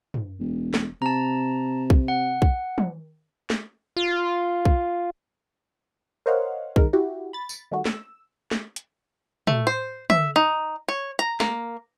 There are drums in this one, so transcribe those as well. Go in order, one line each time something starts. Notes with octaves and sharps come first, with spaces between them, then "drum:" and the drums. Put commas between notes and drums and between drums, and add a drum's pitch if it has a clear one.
drum: tom
E1
drum: snare
C3 A5 A#5
drum: kick B1
F#5
drum: kick B1
drum: tom
drum: snare
F4
drum: kick B1
A#4 C5 C#5 D#5 F5 F#5
D#3 G#3 A#4, drum: kick B1
E4 F#4 G4
B5 A6
drum: tambourine
D#3 G3 A3 F#4
E6, drum: snare
drum: snare
drum: hi-hat
A3, drum: tom
C5
E5, drum: tom
D#4
C#5
A#5, drum: hi-hat
A#3, drum: snare